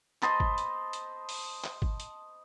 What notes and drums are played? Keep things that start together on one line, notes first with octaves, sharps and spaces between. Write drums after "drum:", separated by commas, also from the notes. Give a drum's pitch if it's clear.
C5 D#5 A5 B5, drum: clap
drum: kick
drum: hi-hat
drum: hi-hat
drum: open hi-hat
drum: clap
drum: kick
drum: hi-hat